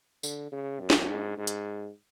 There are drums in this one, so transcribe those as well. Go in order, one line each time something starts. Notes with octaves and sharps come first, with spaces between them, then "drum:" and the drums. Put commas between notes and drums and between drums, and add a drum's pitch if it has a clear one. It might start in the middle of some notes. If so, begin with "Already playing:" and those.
D3, drum: tambourine
C#3
F#2
drum: snare
G#2
G#2
drum: hi-hat